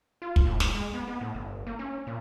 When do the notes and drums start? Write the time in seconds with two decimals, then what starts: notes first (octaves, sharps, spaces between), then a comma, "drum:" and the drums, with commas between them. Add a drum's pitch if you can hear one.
0.22 F4
0.36 drum: kick
0.45 A2
0.60 G#2, drum: snare
0.74 G#3
0.94 B3
1.07 B3
1.21 A2
1.35 G1
1.67 A#3
1.79 C#4
2.07 A#2